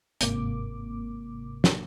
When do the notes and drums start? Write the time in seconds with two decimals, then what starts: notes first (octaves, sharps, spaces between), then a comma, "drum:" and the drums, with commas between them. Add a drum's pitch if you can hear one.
0.21 G1 G#2 C3 A#3 D6, drum: hi-hat
1.64 drum: snare